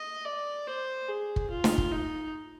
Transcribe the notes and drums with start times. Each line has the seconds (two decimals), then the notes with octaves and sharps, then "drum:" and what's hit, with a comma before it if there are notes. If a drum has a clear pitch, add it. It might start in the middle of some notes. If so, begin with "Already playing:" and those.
Already playing: D#5
0.25 D5
0.67 C5
1.08 G#4
1.36 drum: kick
1.50 F4
1.64 drum: snare
1.78 drum: kick
1.92 D#4